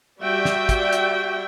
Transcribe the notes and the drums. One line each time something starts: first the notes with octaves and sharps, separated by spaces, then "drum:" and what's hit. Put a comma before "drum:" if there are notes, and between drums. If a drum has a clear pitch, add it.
G3 F#4 D5 E5 G5
drum: snare
drum: kick, hi-hat
drum: hi-hat